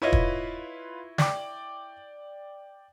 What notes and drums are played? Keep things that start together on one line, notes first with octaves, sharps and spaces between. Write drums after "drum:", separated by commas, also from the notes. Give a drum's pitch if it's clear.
E4 F4 B4 C#5 D#5
drum: kick
D5 G5 D6, drum: snare